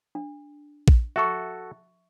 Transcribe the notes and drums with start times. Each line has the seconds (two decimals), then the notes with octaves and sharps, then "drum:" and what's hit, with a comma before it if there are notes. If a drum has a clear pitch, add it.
0.15 D4
0.88 drum: kick A#1
1.16 F#4 A4 E5 C#6